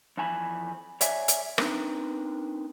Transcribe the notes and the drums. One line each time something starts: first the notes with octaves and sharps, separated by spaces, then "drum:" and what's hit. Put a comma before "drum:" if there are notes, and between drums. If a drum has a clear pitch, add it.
F2 E3 G#5 A#5 B5
C#5 D5 E5 G#5, drum: hi-hat
drum: hi-hat
C4 D4 D#4 A#4 B4, drum: rim click